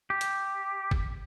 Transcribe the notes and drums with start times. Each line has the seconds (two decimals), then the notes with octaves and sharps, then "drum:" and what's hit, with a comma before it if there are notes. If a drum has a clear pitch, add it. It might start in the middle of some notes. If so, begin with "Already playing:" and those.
0.10 G4
0.21 drum: hi-hat
0.91 drum: kick